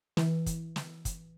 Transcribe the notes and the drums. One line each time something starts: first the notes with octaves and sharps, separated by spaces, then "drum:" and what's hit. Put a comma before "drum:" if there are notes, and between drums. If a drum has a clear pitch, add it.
E3, drum: snare
drum: kick, hi-hat
drum: snare
drum: kick, hi-hat